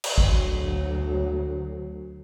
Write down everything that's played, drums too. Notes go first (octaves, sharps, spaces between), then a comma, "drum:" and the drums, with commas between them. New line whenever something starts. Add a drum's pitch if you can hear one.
drum: cymbal
D2 F#3, drum: kick A1